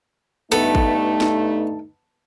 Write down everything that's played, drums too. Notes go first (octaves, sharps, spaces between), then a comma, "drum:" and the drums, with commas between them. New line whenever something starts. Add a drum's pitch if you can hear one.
G2 A3 B3 D#4 A4
drum: kick
drum: snare